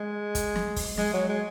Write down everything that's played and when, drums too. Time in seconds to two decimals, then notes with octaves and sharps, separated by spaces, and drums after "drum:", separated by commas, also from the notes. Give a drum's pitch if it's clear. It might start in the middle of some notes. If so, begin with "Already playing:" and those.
Already playing: G#3
0.35 drum: kick, hi-hat
0.56 drum: snare
0.76 drum: kick, open hi-hat
0.97 G#3, drum: snare
1.13 F#3
1.28 G#3